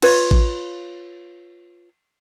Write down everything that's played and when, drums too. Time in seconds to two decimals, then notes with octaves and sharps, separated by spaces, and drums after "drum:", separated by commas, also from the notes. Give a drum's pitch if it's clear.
0.02 F4 B4 C#5, drum: cymbal
0.31 drum: kick A1